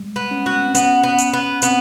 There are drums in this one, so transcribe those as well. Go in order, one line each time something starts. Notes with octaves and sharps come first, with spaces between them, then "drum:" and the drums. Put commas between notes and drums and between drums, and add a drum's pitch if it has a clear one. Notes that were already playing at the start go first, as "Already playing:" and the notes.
Already playing: G3 G#3
B3
C#4
F#4
C4
B3 C#4, drum: hi-hat
B3
drum: hi-hat
B3
B3 C4, drum: hi-hat